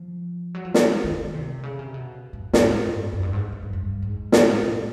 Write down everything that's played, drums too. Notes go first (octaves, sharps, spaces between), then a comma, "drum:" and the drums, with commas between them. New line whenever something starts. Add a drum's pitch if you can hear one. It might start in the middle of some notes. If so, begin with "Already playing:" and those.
Already playing: F3
F#3
F3
E3, drum: snare
D#3
C3
C#3
C3
B2
A2
A2, drum: snare
G2
F#2
G2
G#2
F#2
F#2
G2
G#2
A2, drum: snare
A#2